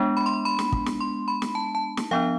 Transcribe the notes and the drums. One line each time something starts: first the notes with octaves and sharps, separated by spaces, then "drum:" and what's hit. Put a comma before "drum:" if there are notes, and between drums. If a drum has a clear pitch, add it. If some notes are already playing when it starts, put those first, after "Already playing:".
Already playing: G#3 B3 D4
B5
C6
B5
drum: snare
drum: kick
drum: snare
C6
B5
drum: snare
A5
A5
drum: snare
F3 B3 D4 F5